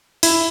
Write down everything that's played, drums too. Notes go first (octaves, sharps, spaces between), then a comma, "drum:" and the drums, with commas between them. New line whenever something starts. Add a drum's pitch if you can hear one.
E4, drum: open hi-hat